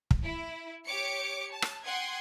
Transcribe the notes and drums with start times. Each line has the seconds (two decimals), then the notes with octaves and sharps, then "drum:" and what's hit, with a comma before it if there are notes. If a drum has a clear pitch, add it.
0.11 drum: kick
0.23 E4
0.86 G4 C#5 D6 C#7
1.53 A5
1.62 drum: rim click
1.85 F#5 G5 C6 D#6 G#6